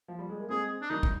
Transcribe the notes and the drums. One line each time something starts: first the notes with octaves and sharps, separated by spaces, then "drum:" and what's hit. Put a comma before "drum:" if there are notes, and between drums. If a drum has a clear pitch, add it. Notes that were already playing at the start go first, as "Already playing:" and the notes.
F3
G3
G#3
A#3
G#3 C4 G#4
D4
D#3 G3 D#4
drum: kick